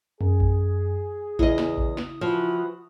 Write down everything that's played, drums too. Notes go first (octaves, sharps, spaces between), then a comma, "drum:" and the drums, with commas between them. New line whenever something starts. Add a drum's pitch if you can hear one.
F#2 G#4
drum: kick A1
E2 C#3 E4 D#5 D#6, drum: kick A1
drum: snare
drum: kick A1
drum: snare
E3 F3 F#4 B4